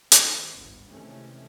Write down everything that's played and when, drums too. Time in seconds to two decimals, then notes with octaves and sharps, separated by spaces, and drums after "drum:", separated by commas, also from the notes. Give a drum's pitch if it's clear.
0.12 D2 D#3 C4, drum: hi-hat
0.56 G1 C#2 G#2 B3
0.88 C3 D#3 E3 G#3 A3 C#4